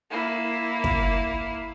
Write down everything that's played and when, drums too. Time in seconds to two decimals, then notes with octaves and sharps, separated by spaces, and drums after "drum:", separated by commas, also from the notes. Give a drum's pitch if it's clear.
0.11 A#3 E4
0.84 drum: kick